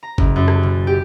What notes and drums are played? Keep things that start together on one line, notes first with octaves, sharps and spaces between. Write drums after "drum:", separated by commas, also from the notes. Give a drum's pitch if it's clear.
A#5
F#1, drum: kick G1
F#2
drum: rim click
B2
G4